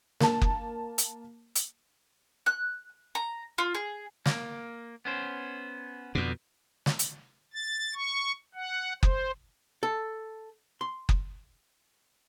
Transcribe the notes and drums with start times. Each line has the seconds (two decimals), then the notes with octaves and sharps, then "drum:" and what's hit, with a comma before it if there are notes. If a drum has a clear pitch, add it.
0.20 A#3 A5, drum: snare
0.41 drum: kick F#1
0.98 drum: hi-hat
1.56 drum: hi-hat
2.46 F#6
3.15 A#5
3.58 F4
3.75 G#4
4.26 A#3, drum: snare
5.05 B3 C#4 C5
6.15 F2 B2 D3
6.86 drum: snare
6.99 drum: hi-hat
7.53 A6
7.95 C#6
8.55 F#5
9.03 C5, drum: kick F#1
9.83 A4
10.81 C6
11.09 drum: kick F#1